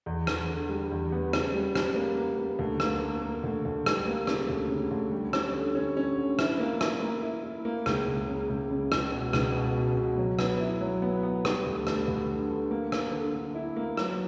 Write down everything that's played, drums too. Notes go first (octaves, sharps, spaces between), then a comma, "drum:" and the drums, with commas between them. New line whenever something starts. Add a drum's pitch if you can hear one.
E2
E2, drum: rim click
D3
G3
E2
B3
C#3, drum: rim click
G3
C#3, drum: rim click
A#3
A#3
A#3
D2
A#3, drum: rim click
A#3
A#3
D2
D2
G3, drum: rim click
A#3
C#3, drum: rim click
D2
C#3
D2
G3
C#4, drum: rim click
D3
C#4
C#4
D3
E4, drum: rim click
A#3
E4, drum: rim click
A#3
E4
E4
A#3
C#2, drum: rim click
C#2
C#3
C#2
C#3
C#2, drum: rim click
B2
C#2, drum: rim click
B2
B2
B2
F#3
B3, drum: rim click
E4
F#3
B3
B3
G3, drum: rim click
D2
D2, drum: rim click
D2
D3
D3
A#3
A#3, drum: rim click
D3
D3
E4
A#3
F#3, drum: rim click